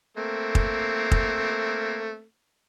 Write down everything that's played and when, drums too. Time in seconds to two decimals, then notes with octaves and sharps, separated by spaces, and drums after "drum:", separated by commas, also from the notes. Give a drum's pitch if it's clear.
0.17 A3 A#3 C4
0.55 drum: kick
1.11 drum: kick